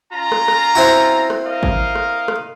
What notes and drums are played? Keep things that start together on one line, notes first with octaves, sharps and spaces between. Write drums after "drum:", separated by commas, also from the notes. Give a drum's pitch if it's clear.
C#4 F4 A#5
drum: rim click
drum: rim click
C4 E4 F#4
drum: rim click
A#4 D#5 F5
drum: kick G#1
drum: rim click
drum: rim click